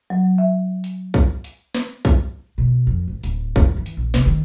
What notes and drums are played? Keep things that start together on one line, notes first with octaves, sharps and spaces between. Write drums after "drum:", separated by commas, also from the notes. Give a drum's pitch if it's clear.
F#3
E5
drum: hi-hat
drum: kick B1
drum: hi-hat
drum: snare
drum: kick B1, hi-hat
B2
F2
G#1
D1, drum: hi-hat
G2, drum: kick B1
E3
drum: hi-hat
A#1
C3, drum: snare
D#3